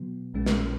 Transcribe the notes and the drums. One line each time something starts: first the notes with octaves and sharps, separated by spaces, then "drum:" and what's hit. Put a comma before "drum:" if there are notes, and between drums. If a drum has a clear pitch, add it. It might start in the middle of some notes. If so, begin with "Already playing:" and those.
Already playing: B2 F#3 B3
A#1 A#2 G#3 C#4
drum: snare